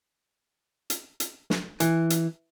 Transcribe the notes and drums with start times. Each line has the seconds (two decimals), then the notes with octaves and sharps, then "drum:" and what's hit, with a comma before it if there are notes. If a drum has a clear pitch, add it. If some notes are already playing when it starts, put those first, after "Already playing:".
0.90 drum: hi-hat
1.20 drum: hi-hat
1.50 drum: snare
1.80 E3, drum: hi-hat
2.10 drum: hi-hat